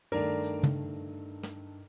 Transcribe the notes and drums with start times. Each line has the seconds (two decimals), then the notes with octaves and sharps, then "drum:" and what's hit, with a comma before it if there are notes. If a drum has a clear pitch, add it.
0.12 G2 D#3 A3 A#4 D5, drum: cymbal
0.43 drum: hi-hat
0.63 drum: tom
1.43 drum: snare